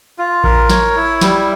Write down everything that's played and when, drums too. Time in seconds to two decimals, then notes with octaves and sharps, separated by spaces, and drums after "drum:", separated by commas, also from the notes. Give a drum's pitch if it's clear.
0.19 F4
0.44 A#4, drum: kick A#1
0.70 C#5, drum: snare
0.96 E4
1.21 G3, drum: snare